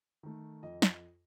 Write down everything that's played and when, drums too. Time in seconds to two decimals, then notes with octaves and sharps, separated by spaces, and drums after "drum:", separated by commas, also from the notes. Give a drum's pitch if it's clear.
0.23 D#3 A3
0.63 F2 D#5
0.82 drum: snare